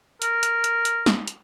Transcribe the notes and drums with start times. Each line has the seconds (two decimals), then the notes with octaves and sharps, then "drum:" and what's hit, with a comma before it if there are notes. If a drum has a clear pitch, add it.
0.22 A#4, drum: hi-hat
0.43 drum: hi-hat
0.64 drum: hi-hat
0.85 drum: hi-hat
1.06 drum: snare
1.28 drum: hi-hat